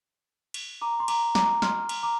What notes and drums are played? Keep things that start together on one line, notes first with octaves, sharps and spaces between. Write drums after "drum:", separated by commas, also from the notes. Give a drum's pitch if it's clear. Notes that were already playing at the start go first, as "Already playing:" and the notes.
drum: cymbal
A#5 D6
C6
A#5 D6, drum: cymbal
A#5 D6, drum: snare
C6 F6, drum: snare
drum: cymbal
A#5 D6